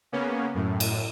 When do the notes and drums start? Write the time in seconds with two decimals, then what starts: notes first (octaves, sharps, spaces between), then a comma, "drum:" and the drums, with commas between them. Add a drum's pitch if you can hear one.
0.12 C#3 A#3 B3 C#4
0.54 F#2 A2
0.80 drum: cymbal